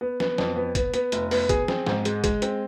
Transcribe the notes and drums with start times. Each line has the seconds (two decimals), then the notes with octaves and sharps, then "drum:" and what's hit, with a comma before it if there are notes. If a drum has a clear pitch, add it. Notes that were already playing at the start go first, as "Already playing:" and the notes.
0.01 B3
0.20 B3, drum: snare
0.38 F2, drum: snare
0.56 B3
0.75 B3, drum: kick, hi-hat
0.94 B3, drum: hi-hat
1.12 F1, drum: hi-hat
1.31 B3, drum: open hi-hat
1.49 G#4, drum: kick, hi-hat
1.68 C4, drum: snare
1.87 G#2, drum: snare
2.05 G#3, drum: hi-hat
2.24 G#3, drum: kick, hi-hat
2.42 C4, drum: hi-hat